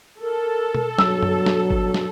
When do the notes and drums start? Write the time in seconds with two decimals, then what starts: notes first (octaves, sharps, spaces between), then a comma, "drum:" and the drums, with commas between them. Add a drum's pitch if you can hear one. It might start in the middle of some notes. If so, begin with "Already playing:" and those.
0.21 A4 A#4
0.75 drum: tom B2
0.98 G2 B2 F#3 E6, drum: snare
1.22 drum: tom F#2
1.46 drum: snare
1.70 drum: kick G1
1.94 drum: snare